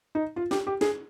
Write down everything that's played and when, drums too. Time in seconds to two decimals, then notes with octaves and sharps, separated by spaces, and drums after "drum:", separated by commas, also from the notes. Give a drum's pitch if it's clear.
0.15 D#4
0.36 F4
0.51 G4, drum: snare
0.67 G4
0.81 G#4, drum: snare